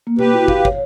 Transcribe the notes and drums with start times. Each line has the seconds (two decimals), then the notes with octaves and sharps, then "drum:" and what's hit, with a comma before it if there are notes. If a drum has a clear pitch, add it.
0.07 A#3
0.19 G4 B4, drum: tom B2
0.33 E4 F#4
0.48 F5, drum: kick
0.65 C#5, drum: kick